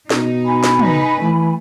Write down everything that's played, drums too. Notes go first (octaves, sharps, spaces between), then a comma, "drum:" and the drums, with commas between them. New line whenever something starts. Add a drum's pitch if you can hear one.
B2 D#4, drum: snare
G#5 B5
drum: snare
D#4 B4, drum: tom
E3 A3